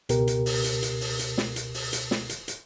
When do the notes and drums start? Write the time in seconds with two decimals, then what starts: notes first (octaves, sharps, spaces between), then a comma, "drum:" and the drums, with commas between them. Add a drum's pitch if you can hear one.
0.09 C#2 B2 G4 A#4, drum: hi-hat
0.27 drum: hi-hat
0.46 drum: open hi-hat
0.64 drum: hi-hat
0.83 drum: hi-hat
1.01 drum: open hi-hat
1.19 drum: hi-hat
1.38 drum: snare
1.56 drum: hi-hat
1.74 drum: open hi-hat
1.93 drum: hi-hat
2.11 drum: snare
2.29 drum: hi-hat
2.48 drum: hi-hat